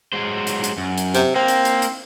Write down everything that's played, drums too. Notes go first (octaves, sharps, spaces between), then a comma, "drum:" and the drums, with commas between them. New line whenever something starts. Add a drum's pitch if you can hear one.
F#3 G#3 C5
drum: hi-hat
drum: hi-hat
F#2
drum: hi-hat
C3, drum: hi-hat
A#3 C4
drum: hi-hat
drum: hi-hat
drum: hi-hat